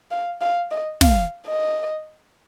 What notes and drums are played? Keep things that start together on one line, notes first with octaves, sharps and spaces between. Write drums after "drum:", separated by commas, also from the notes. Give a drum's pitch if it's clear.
F5
F5
D#5
F5, drum: snare
D#5